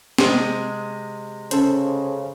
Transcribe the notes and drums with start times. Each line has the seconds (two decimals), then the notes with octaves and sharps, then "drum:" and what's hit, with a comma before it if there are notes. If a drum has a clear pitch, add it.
0.18 C3 G#3, drum: snare
1.51 C#3 C#4 A4 C5, drum: hi-hat